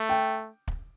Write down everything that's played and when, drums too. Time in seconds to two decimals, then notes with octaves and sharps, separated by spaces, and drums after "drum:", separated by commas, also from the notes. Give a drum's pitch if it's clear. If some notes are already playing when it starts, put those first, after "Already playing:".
Already playing: A3
0.09 G5
0.68 drum: kick